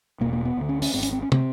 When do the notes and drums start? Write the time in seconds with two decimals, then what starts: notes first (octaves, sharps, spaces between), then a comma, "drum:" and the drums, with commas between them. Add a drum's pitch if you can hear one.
0.21 E1 E2 B2 A#3
0.33 A#3
0.45 B3
0.57 D2 D3
0.69 C#4
0.82 C#4, drum: open hi-hat
0.94 G#1 G#2 C4
1.03 C#4, drum: hi-hat
1.13 C4
1.22 C#4
1.32 C3 C4, drum: tom